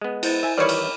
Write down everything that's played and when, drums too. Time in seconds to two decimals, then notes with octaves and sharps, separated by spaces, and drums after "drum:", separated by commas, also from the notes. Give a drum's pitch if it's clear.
0.01 G#3 B3
0.23 E4 C5 A6, drum: cymbal
0.43 E5 G#5
0.58 D#3 E3 G3 C#5 D5 B5 D6 F6
0.69 drum: cymbal